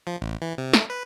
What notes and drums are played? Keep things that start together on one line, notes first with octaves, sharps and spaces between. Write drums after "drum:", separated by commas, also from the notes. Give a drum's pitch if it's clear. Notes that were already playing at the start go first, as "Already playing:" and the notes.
F3
A1
E3
C3
A3, drum: snare
B4